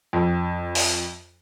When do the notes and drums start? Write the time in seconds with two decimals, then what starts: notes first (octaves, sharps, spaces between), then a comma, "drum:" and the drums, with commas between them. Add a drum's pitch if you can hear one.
0.13 F2
0.75 drum: open hi-hat